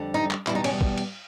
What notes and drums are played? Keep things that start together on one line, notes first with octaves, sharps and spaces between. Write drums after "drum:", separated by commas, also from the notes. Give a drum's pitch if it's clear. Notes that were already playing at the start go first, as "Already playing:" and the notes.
Already playing: F2 D3 G3
D#4
drum: clap
E2 B2 G3 E4, drum: clap
D#4
C#4, drum: cymbal
drum: kick
drum: cymbal